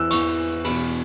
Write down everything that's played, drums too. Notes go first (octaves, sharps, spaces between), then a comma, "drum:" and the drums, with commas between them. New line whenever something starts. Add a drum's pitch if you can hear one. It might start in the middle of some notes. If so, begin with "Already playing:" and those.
Already playing: E2 E3 E6 F#6
E2 E3 C#6, drum: cymbal
drum: open hi-hat
E2 B2 B5, drum: cymbal